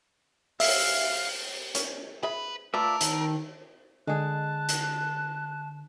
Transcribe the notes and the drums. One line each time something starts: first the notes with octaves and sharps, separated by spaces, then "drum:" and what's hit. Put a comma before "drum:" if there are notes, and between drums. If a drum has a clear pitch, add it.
E5 F5, drum: open hi-hat
C#4, drum: hi-hat
G#4 B4 E5 B5
A3 F4 A#4 B4 D5 E5 A5 E6
D#3, drum: hi-hat
D3 G#3 G#4 A5 F#6
drum: hi-hat